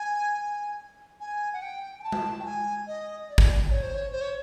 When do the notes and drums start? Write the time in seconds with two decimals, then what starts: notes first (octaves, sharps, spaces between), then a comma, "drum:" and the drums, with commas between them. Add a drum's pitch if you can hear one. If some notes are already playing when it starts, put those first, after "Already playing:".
Already playing: G#5
1.20 G#5
1.53 F#5
1.62 G5
1.99 G#5
2.03 A5
2.12 drum: tom G#3
2.39 G5
2.45 G#5
2.87 D#5
3.29 D5
3.38 drum: kick G#1
3.70 C#5
3.82 C5
3.94 C#5
4.11 C5
4.21 C#5